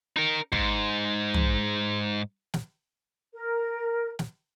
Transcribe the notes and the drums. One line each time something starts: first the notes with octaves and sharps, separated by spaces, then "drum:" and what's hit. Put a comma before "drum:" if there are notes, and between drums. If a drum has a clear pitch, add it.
D#4 A#4
G#2, drum: kick
drum: tom
drum: snare
A#4
drum: snare